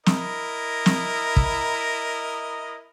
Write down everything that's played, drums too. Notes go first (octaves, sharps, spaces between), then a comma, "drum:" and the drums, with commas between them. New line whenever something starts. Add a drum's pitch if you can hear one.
E4 A#4 D#5, drum: snare
drum: snare
drum: kick